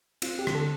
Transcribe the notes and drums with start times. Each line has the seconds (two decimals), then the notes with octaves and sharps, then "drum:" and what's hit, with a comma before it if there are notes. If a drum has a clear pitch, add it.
0.22 C4 F4, drum: cymbal
0.39 G4
0.47 D3, drum: rim click
0.55 A4